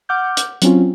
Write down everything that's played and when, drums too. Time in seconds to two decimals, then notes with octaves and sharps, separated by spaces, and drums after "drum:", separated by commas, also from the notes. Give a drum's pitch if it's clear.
0.09 F#5 D6 F6 G6
0.37 drum: hi-hat
0.62 F#3 C4 C#4 F4, drum: hi-hat